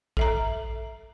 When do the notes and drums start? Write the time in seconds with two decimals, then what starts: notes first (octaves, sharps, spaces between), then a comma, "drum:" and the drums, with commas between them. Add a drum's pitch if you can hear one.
0.17 A4 E5 A#5, drum: kick